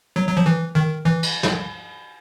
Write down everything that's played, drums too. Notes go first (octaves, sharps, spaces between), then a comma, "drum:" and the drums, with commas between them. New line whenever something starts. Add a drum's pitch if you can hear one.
F#3
F#3
F3
E3
D#3
E3
drum: cymbal
drum: snare